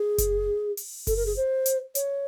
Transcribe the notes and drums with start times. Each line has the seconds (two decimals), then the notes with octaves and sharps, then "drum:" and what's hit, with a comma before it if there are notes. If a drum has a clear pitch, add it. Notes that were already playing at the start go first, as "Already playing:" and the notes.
Already playing: G#4
0.18 drum: kick F#1, hi-hat
0.77 drum: open hi-hat
1.07 A4, drum: kick F#1, open hi-hat
1.17 A#4
1.26 G#4
1.37 C5
1.66 drum: hi-hat
1.95 C#5, drum: hi-hat